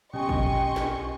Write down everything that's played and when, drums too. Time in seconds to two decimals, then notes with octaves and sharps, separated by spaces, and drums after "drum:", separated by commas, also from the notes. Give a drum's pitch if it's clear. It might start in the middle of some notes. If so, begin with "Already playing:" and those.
0.14 B1 C#4 G4 D#5 G5 G#5 C6 C#6
0.29 drum: kick
0.76 drum: snare